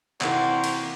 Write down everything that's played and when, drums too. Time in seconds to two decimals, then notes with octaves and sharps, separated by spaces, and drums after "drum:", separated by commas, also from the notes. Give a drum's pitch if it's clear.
0.21 C3 E3 A#3 F#4 G4 C5 D5 F#5, drum: clap
0.64 drum: cymbal